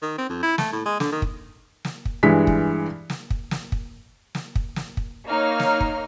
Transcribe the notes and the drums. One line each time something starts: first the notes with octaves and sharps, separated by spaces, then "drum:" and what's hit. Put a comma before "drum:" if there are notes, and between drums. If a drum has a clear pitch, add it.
D#3
C4
F2
E4
A3, drum: snare
A2
G#3
D3, drum: snare
D#3
drum: kick
drum: snare
drum: kick
G2 E3 G#3 B6
drum: kick
drum: snare
drum: kick
drum: snare
drum: kick
drum: snare
drum: kick
drum: snare
drum: kick
A#3 D#4 C#5 F6
drum: snare
drum: kick